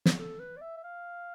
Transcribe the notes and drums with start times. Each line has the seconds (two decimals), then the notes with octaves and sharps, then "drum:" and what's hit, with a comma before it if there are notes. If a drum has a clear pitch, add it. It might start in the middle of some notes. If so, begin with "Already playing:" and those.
0.06 drum: snare
0.19 A4
0.40 B4
0.57 D5
0.61 E5
0.77 E5
0.84 F5